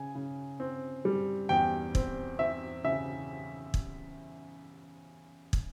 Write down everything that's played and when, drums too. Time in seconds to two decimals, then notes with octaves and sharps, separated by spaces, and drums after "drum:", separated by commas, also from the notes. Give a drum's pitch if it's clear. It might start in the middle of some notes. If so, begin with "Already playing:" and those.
Already playing: C#3 G#5
0.15 C#3
0.60 C4
1.05 G3
1.49 E2 G5
1.95 C4, drum: kick
2.39 C4 E5
2.84 C#3 E5
3.74 drum: kick
5.53 drum: kick